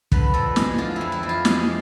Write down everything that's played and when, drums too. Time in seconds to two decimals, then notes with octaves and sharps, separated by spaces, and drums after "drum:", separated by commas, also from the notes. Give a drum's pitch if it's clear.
0.12 D3 B4, drum: kick
0.34 F2 A4
0.56 G#3 G#4, drum: snare
0.78 D3 F4
0.96 F2 E4
1.12 E4
1.23 F2
1.29 F4
1.45 G#3 G#4, drum: snare